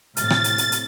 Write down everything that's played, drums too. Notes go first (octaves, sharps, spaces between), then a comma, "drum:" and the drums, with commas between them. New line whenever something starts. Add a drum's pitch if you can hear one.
A2 C3 F6 A6, drum: hi-hat
drum: rim click
drum: hi-hat
drum: hi-hat
drum: hi-hat